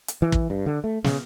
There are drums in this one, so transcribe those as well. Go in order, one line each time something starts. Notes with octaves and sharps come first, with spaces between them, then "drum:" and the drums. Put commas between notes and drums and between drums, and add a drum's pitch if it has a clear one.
drum: hi-hat
E3
drum: kick
G2
D3
A3
C#3, drum: snare